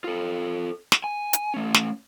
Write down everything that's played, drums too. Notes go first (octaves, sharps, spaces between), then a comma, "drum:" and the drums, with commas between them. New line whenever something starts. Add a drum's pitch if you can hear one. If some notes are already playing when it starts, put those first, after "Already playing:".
F4 A4
drum: snare
G#5
drum: hi-hat
A3 C#4
drum: snare